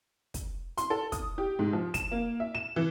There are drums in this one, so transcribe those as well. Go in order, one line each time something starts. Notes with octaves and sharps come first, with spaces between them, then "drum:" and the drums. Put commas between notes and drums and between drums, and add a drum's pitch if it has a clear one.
drum: kick, hi-hat
C6, drum: hi-hat
A4
D#6, drum: kick, hi-hat
G4
G#2
F3
E7, drum: kick, hi-hat
A#3
E5
E7
E3